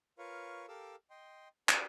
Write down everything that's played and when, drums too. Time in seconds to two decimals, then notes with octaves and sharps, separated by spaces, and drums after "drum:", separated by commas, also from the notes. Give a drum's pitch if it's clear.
0.19 F4 A#4 B4 C#5 F5 C#6
0.68 G4 A4 A#4 F5 D6 E6
1.10 D#5 G5 C6
1.69 D4 F#4 G4 A#4 B4 D5, drum: clap